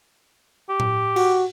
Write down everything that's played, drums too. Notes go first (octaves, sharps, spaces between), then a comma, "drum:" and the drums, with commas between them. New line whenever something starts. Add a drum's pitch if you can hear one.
G4
drum: tom A2
F#4, drum: cymbal